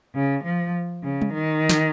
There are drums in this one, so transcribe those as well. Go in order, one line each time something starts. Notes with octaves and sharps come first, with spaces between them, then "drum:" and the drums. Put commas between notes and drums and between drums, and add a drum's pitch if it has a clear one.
C#3
F3
C#3
drum: tom G3
D#3
drum: snare